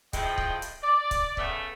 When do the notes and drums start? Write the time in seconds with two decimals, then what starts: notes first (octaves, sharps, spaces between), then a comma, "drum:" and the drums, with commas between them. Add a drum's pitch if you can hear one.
0.13 F3 G#3 A3 E4 D#5 G5, drum: kick, hi-hat
0.38 drum: kick
0.62 drum: hi-hat
0.82 D5
1.11 drum: kick, hi-hat
1.37 C#3 A3 B3, drum: kick